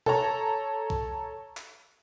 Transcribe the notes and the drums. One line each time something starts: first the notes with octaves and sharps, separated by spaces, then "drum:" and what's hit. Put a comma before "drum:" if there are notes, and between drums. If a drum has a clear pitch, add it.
A4 C#5 A#5, drum: tom B2
drum: kick
drum: clap